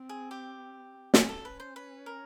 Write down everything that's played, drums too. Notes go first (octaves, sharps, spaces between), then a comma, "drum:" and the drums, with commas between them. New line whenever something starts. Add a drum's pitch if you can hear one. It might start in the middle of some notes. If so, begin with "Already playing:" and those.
Already playing: C4
G#4
G4
C#4 G#4, drum: snare
A4
B4
C5
B4
A#4